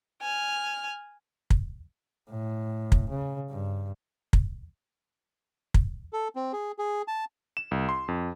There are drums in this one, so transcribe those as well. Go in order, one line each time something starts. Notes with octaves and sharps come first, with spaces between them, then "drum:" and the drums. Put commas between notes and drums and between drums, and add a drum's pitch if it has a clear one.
G#5 F6
drum: kick
A2
drum: kick
C#3
G2
drum: kick
drum: kick
A4
C4
G#4
G#4
A5
E7
C2
C6
F2